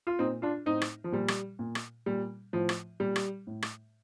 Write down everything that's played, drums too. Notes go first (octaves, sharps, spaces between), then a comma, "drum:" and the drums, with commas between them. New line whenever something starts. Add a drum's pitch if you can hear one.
F4
A#2 C4 D#4
D4 F4
A2 C4 D#4
drum: rim click
F3
A#2 G3
drum: rim click
A#2
drum: rim click
A#2 G3
A2 F3
drum: rim click
A#2 G3
drum: rim click
A2
drum: rim click